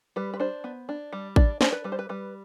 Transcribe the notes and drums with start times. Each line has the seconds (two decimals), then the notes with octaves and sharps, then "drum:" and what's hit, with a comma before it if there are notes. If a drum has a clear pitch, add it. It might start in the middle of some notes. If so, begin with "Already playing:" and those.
0.16 G3 B4
0.34 B4
0.40 D4 C5
0.64 B3
0.89 D4
1.13 G3
1.36 D4 D5, drum: kick A1
1.61 D4 C5, drum: snare
1.72 B4
1.84 G3 B4
1.92 C5
1.99 B4
2.09 G3 B4